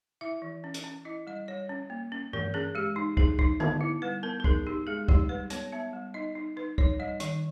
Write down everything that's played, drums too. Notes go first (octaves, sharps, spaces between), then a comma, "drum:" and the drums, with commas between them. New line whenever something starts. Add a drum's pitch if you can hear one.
E4 E5
E3
C#4
drum: hi-hat
C#4
E4 D#5
G3 D#5
G3 C#5
C#4
A#3
C#4
E3 A#4, drum: tom G2
C#4 G#4
G#3 G4
D#4
D#4 G#4, drum: kick
D#4, drum: kick
B3, drum: tom D3
E4
G3 B4
B3 A#4
A#4
D#4 G#4, drum: kick
D#4 G4
G#3 G#4
D#4 G4, drum: kick
G3 B4
B3 C#5, drum: hi-hat
B3 E5
G3
D#4 D#5
D#4
D#4 B4
D#4 C#5, drum: kick
G3 D#5
D#3, drum: hi-hat